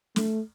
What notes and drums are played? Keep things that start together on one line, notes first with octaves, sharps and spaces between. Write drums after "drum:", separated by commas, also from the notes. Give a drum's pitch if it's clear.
A3, drum: snare